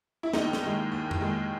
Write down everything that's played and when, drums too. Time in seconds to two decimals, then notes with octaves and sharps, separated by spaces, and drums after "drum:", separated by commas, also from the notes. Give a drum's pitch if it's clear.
0.23 E4
0.33 D#2 D#4, drum: snare
0.53 drum: snare
0.63 D#3 G#3
0.92 D#2
1.11 drum: tom F2
1.21 D#3 G#3